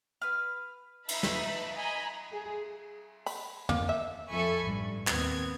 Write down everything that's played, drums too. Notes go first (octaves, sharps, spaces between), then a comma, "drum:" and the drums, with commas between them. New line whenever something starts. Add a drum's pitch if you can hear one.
B4 F6
D#4 B4 E5 A5 B5, drum: cymbal
drum: snare
D#5 G#5 A#5 B5
G#4
B5, drum: open hi-hat
A#3, drum: tom
E5
F2 A4 E5 G#5 B5 C#6
A1 G2
D#2 B3 C4 G#6, drum: clap